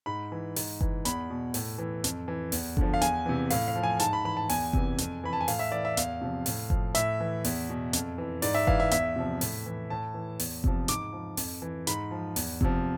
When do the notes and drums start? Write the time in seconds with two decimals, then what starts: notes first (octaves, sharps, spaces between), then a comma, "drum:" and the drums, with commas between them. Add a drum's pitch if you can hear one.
0.06 G#2 B5
0.32 E3
0.56 G#2, drum: open hi-hat
0.81 E3, drum: kick F#1
1.05 E2 B5, drum: hi-hat
1.30 B2
1.54 A2, drum: open hi-hat
1.78 E3
2.04 F2, drum: hi-hat
2.28 E3
2.52 E2, drum: open hi-hat
2.77 D3 F3, drum: kick F#1
2.94 F5
3.02 E2 G#5, drum: hi-hat
3.26 C3 E3
3.50 A2 F5, drum: open hi-hat
3.68 F5
3.76 F3
3.83 G#5
4.00 G#2 A5, drum: hi-hat
4.13 B5
4.25 E3 B5
4.37 A5
4.49 E2 G#5, drum: open hi-hat
4.73 C3 E3, drum: kick F#1
4.98 F2, drum: hi-hat
5.24 E3 B5
5.33 A5
5.41 G#5
5.48 A2 F5, drum: open hi-hat
5.59 E5
5.72 E3 D5
5.85 E5
5.97 E2 F5, drum: hi-hat
6.22 C3 F3
6.46 A2, drum: open hi-hat
6.70 F3, drum: kick F#1
6.95 A2 E5, drum: hi-hat
7.20 E3
7.44 E2, drum: open hi-hat
7.70 B2
7.93 F2, drum: hi-hat
8.18 E3
8.42 G#2 D5, drum: open hi-hat
8.55 E5
8.67 E3 F5, drum: kick F#1
8.80 E5
8.91 E2 E5, drum: hi-hat
9.16 C3 F3
9.41 A2, drum: open hi-hat
9.66 E3
9.90 A2 A5
10.14 E3
10.40 E2, drum: open hi-hat
10.64 C3 F3, drum: kick F#1
10.88 G#2 D6, drum: hi-hat
11.13 F3
11.37 F2, drum: open hi-hat
11.62 E3
11.87 G#2 B5, drum: hi-hat
12.11 F3
12.36 E2, drum: open hi-hat
12.61 C3 F3, drum: kick F#1